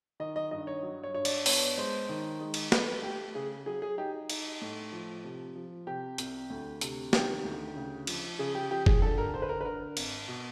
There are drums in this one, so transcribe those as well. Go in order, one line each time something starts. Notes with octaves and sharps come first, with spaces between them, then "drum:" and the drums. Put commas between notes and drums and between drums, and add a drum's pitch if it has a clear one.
D#3 D#5
D#5
G2 D#5
C#5
F#3
C#5
G2 C#5
D5, drum: cymbal
B3 C#5, drum: open hi-hat
G#3 C5
D#3
G#3
drum: cymbal
A3 B4, drum: snare
A3 G4
C#3 G#4
F#3 G#4
G#4
D#4 G4
D#4, drum: cymbal
A2
F3
C3
F3
C3 G4
C2, drum: hi-hat
D2
C3, drum: hi-hat
D#3 G4, drum: snare
D2
C#3
F3, drum: cymbal
C#3 G#4
G4
F3 G4
G#4, drum: kick F1
D3 A4
A#4
D3 C5
B4
A#4
B4
D3 A#4
G#1, drum: cymbal
B2